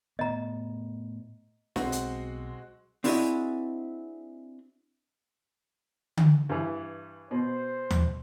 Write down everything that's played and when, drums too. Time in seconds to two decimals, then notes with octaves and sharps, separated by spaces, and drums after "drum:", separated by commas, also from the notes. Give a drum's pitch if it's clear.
0.19 A2 B3 D#5 A#5
1.76 B1 G#3 C4 F#4, drum: snare
1.92 drum: hi-hat
3.04 C4 D4 E4 F#4 G#4 D#5, drum: open hi-hat
6.17 drum: tom D3
6.49 G2 E3
7.31 B2 C5
7.90 drum: tom D#2